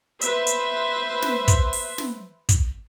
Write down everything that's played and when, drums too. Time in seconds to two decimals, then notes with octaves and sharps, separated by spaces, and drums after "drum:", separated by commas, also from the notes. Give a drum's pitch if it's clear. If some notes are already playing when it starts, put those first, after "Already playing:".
0.21 B4 C5 E5, drum: hi-hat
0.47 drum: hi-hat
1.22 drum: snare
1.48 drum: kick, hi-hat
1.73 drum: open hi-hat
1.98 drum: snare
2.49 drum: kick, hi-hat